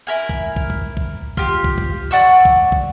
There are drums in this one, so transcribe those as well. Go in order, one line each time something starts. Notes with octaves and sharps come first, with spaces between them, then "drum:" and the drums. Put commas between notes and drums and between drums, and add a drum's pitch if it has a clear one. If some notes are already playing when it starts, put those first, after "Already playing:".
E4 A#4 G#5
drum: kick
drum: kick
drum: kick
drum: kick
F4 G4, drum: kick
drum: kick
drum: kick
D5 F#5 C#6 E6
drum: kick
drum: kick